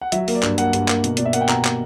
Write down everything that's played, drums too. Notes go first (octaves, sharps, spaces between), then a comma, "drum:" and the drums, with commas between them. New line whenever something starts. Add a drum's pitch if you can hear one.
F#5
F#3 E5, drum: hi-hat
A#3, drum: open hi-hat
D5
G2, drum: clap
A#3 F#5, drum: hi-hat
G2, drum: hi-hat
A#3, drum: clap
B2, drum: hi-hat
B2 D5, drum: hi-hat
E5
A#3 F#5, drum: hi-hat
G5
B2 A#5, drum: clap
A#3, drum: clap